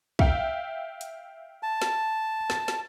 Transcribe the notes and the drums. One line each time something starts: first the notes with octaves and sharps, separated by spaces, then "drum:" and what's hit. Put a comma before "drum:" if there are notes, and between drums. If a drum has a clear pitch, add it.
E5 F5 G5, drum: kick
drum: hi-hat
A5
drum: snare
A6, drum: snare
drum: snare